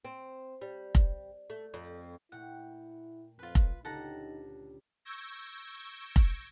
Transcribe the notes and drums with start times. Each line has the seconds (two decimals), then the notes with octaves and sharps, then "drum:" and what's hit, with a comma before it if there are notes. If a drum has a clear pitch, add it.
0.05 C4
0.61 G3
0.95 drum: kick F1
1.50 A3
1.74 F2
2.32 A#2 A3 E4 F#5 G5
3.39 F2 F4 B4
3.55 drum: kick F1
3.85 C#2 D3 D#4 G4 A4 F#5 A#5
5.05 C#6 E6 G6 G#6 A#6 D7
6.16 drum: kick F1